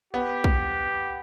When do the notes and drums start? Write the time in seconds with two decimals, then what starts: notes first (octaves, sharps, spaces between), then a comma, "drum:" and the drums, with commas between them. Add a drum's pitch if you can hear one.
0.13 B3 G4
0.44 drum: kick